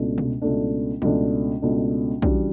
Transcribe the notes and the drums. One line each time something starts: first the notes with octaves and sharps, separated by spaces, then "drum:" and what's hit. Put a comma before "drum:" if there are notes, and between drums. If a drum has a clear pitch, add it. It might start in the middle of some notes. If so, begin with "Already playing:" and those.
Already playing: C#2 B2 A3 D4
drum: tom B2
C#2 B2 A3 D4
C#2 B2 A3 D4, drum: tom E3
C#2 B2 A3 D4
C#3 E3 G3 D4 F#4, drum: kick